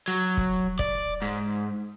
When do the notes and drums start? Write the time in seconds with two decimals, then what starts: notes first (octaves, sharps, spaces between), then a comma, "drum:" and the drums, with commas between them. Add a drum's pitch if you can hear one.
0.08 F#3
0.37 drum: kick
0.79 D5, drum: kick
1.22 G#2